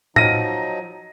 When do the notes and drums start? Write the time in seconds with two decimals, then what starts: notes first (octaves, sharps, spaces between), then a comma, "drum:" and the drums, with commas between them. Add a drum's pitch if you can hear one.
0.16 F3 F#3 D#4 A#6 D#7, drum: tom A2